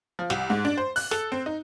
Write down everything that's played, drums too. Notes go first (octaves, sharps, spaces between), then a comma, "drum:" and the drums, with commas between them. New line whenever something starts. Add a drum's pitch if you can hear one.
F3
C2, drum: snare
G#2
D4
C5
F#6, drum: open hi-hat
A4, drum: snare
C4
D#4